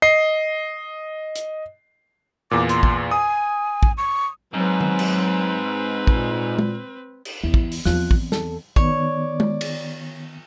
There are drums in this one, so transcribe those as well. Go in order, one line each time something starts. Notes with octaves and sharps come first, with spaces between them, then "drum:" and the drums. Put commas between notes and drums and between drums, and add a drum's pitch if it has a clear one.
D#5 C7
drum: hi-hat
E2 A#2 D6
C6, drum: hi-hat
drum: kick
G#5 D#6
drum: kick
C#6
G#2 F#3 C4 B4
drum: tom D#3
drum: cymbal
A#2, drum: kick
drum: tom G#3
drum: cymbal
E2 E4
drum: kick
drum: open hi-hat
E2 F3 C4 F4 F#6, drum: snare
drum: kick
A4, drum: snare
D#3 B3 C#5 D5, drum: kick
drum: tom G#3
drum: cymbal